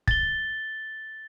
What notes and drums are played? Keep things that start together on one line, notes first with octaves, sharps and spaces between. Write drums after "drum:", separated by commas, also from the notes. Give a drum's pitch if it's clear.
A6 G7, drum: kick